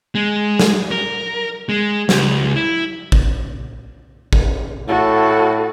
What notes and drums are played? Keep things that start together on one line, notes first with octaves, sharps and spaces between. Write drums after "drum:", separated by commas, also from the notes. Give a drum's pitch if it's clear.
G#3
drum: snare
A#4
G#3
C#2, drum: snare
E4
drum: kick
drum: kick
A2 F#4 A4